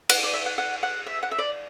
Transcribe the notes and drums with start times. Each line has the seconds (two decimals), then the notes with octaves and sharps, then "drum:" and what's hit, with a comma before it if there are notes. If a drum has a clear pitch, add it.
0.09 F#5, drum: cymbal
0.23 D5
0.34 E5
0.46 F#5
0.58 F#5
0.83 F#5
1.06 E5
1.23 F#5
1.31 E5
1.39 D5